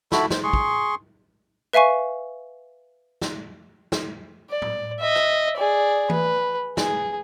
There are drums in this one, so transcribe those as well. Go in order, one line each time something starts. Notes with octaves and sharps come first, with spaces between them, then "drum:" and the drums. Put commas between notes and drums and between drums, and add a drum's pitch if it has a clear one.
E4 F#4 A4 B5, drum: snare
C5, drum: snare
G#4 C6 C#6
drum: kick
B4 E5 F5 G#5 C#6
drum: snare
drum: snare
D5
drum: tom
D#5 E5
drum: rim click
G#4 D5
B4, drum: tom E3
G#4, drum: snare